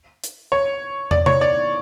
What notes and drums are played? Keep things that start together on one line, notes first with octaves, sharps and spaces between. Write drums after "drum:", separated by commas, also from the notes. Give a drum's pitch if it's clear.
drum: hi-hat
C#5
D5, drum: tom
C#5, drum: tom C3
D5